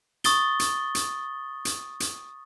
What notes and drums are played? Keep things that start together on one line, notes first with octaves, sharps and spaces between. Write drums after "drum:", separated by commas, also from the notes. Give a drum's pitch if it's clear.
C#6 D#6 A6 G7, drum: hi-hat
drum: hi-hat
drum: hi-hat
drum: hi-hat
drum: hi-hat